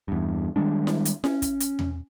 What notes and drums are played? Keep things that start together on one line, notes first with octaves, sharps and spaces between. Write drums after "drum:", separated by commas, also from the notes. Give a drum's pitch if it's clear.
E2 G2
D#3 G3 G#3 D4
drum: snare E4
drum: hi-hat
C#4, drum: snare E4
drum: kick, hi-hat
drum: hi-hat
drum: tom E2